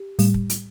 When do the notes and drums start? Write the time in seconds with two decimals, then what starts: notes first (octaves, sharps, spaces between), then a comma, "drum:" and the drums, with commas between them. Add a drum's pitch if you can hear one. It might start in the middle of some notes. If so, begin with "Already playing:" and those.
Already playing: G4
0.19 A2 G3, drum: open hi-hat
0.34 drum: kick
0.50 drum: hi-hat